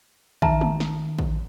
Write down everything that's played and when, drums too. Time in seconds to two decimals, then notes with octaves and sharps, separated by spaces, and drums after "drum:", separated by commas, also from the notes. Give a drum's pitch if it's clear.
0.42 D#3 E5 A5 A#5, drum: kick
0.61 drum: tom G#3
0.80 drum: snare
1.18 drum: kick